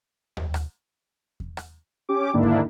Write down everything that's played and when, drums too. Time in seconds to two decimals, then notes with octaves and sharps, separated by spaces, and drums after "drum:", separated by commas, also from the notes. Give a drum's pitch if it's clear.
0.37 drum: tom D#2
0.54 drum: rim click
1.40 drum: kick E2
1.57 drum: rim click
2.09 C#4 G4 D6
2.34 G#2 D3 D#3 A#3 D4 E4
2.43 drum: kick E2